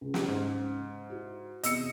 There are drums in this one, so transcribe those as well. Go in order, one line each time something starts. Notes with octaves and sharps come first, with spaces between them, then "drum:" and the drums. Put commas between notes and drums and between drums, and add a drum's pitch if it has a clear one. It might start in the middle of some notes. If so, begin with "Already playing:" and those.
C#2
drum: snare
G#2
E4 F#4
E2 C3 D#5 E6 C#7, drum: hi-hat